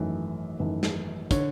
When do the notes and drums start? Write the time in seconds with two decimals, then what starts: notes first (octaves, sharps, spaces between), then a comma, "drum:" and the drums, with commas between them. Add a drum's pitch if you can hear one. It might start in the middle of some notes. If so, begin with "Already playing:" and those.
Already playing: G#1 F#2 E3 A3
0.59 G#1 F#2 E3 A3 B4
0.83 drum: snare
1.31 D3 C#5, drum: kick, hi-hat